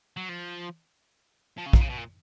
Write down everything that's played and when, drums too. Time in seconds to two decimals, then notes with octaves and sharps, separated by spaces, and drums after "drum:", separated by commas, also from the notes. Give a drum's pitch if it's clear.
0.17 F#3
0.29 F3
1.58 F3
1.66 C#3
1.73 A#2, drum: kick
1.81 C#3
1.90 B2
1.98 A#2